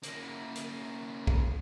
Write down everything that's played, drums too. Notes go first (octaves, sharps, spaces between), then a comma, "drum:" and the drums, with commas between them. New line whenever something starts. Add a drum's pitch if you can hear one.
A#3 C#4, drum: hi-hat
drum: hi-hat
drum: kick B1